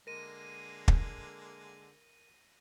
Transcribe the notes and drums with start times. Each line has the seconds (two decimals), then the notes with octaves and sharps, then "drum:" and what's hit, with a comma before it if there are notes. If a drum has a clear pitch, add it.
0.07 D3 G#3 A#3 A#4 A#6 D#7
0.88 drum: kick